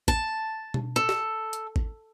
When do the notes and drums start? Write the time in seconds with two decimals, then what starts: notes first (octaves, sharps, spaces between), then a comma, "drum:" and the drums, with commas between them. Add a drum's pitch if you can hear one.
0.08 A5, drum: kick G#1
0.74 drum: tom B2
0.96 A4
1.09 drum: snare
1.53 drum: hi-hat
1.76 drum: kick G#1